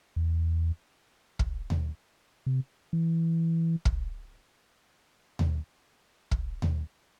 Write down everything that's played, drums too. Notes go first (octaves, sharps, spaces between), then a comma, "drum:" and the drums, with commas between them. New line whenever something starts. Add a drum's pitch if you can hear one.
E2
drum: kick
drum: tom D#2
C3
E3
drum: kick
drum: tom D#2
drum: kick
drum: tom D#2